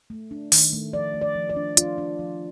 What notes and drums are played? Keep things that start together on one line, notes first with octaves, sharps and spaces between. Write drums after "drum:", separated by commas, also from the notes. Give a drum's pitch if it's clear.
A3
D4
D#3, drum: open hi-hat
A3
F3 D5
A3
D5
F3
D5
D4
D4 F4, drum: hi-hat
D4
F3